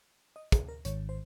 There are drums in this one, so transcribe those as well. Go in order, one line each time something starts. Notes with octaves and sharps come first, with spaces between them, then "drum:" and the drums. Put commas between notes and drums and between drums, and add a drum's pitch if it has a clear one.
D#5
G#4, drum: kick, hi-hat
A#4
G#1 G#2 D#3 C#5, drum: hi-hat
C5